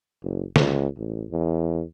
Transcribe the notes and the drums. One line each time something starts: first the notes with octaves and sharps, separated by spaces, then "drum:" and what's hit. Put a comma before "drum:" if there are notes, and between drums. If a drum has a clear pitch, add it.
F#1
C#2, drum: snare
A1
E2